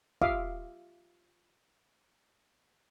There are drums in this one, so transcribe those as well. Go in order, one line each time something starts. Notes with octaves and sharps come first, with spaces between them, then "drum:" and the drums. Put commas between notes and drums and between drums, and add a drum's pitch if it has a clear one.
F4 G4 E5 F5 D6 D#6, drum: kick